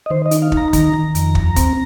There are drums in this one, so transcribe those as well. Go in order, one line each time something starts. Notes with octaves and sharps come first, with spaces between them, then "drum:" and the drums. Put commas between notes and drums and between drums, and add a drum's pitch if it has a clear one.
D#5
D#3 C5
D#5
D#4, drum: hi-hat
F5
D#4, drum: kick
A#5
D#3 A#5, drum: kick, hi-hat
D#3
F2, drum: hi-hat
D#2, drum: kick
C4, drum: kick, hi-hat